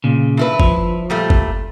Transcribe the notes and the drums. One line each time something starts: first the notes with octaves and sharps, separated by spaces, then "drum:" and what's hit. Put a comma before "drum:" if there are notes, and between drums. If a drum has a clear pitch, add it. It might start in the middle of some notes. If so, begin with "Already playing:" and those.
A#2 C#3
G2 E4 B4
F3, drum: kick G1
A#2 G3 A3
drum: kick G1